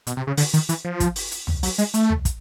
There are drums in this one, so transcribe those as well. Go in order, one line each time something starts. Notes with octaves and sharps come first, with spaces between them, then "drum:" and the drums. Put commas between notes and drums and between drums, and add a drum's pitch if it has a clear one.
B2, drum: hi-hat
C3
C#3
D3, drum: open hi-hat
D#3, drum: hi-hat
E3, drum: hi-hat
F3
drum: kick, hi-hat
drum: open hi-hat
drum: hi-hat
drum: tom
F#3, drum: open hi-hat
G#3, drum: hi-hat
A3, drum: hi-hat
drum: tom
drum: kick, hi-hat